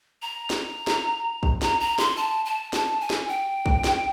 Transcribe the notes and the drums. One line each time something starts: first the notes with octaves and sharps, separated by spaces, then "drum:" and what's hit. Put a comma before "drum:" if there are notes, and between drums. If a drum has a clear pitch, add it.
A#5
drum: snare
drum: snare
drum: kick A#1
A#5, drum: snare
A#5
C6, drum: snare
A5
A5
A5, drum: snare
G#5
drum: snare
G5
drum: kick A#1
drum: snare